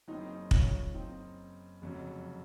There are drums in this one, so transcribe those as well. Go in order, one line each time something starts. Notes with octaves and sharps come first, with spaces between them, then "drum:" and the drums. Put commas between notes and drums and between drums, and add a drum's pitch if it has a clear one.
F#1 F#2 D#3 C4 D#4
C#4 F4, drum: kick
C4 D#4
F1 F2 C#3 F#3